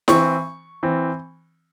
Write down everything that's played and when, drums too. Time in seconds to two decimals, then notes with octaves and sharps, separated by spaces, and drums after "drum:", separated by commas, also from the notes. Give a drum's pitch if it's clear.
0.08 E3 C4 C#6, drum: snare E4
0.83 E3 C4